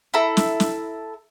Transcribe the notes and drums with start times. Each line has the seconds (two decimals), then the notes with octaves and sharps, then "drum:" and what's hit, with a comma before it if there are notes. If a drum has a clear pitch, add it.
0.14 E4 A4 A5 A#5
0.37 drum: snare
0.60 drum: snare